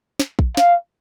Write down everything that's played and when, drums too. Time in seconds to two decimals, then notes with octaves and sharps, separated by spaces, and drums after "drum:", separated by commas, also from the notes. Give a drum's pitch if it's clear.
0.20 drum: snare
0.39 drum: kick A#1
0.57 F5, drum: snare